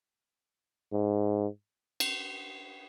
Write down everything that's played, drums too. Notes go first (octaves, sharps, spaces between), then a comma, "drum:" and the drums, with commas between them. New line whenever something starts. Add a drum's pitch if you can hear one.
G#2
drum: cymbal